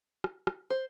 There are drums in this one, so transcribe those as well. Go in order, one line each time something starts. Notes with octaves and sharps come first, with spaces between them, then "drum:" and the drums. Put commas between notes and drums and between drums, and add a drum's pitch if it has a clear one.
drum: rim click
drum: rim click
C5